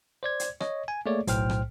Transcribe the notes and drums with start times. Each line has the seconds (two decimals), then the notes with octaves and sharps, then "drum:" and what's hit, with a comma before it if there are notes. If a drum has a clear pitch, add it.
0.23 C5 D5 G#6
0.40 drum: hi-hat
0.61 C#5 D#5, drum: rim click
0.88 G#5
1.06 A3 A#3 G#4 C#5 D5
1.27 B1 A2 C5 G5 F6, drum: kick, hi-hat
1.50 drum: rim click